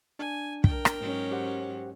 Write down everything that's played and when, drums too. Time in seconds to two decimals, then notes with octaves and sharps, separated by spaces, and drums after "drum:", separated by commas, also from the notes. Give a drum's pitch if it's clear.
0.19 D4 G#5
0.64 A#4 G5, drum: kick
0.85 drum: rim click
1.00 G#2 F#3 C#4
1.31 G4 C5 F#5